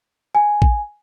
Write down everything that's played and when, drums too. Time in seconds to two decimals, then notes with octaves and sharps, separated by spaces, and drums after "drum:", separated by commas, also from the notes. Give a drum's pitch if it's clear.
0.35 G#5
0.62 drum: kick